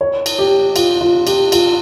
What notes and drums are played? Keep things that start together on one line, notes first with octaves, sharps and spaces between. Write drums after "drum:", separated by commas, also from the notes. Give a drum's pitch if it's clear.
C#5
drum: cymbal
G4
F4, drum: cymbal
F4
G4, drum: cymbal
F4, drum: cymbal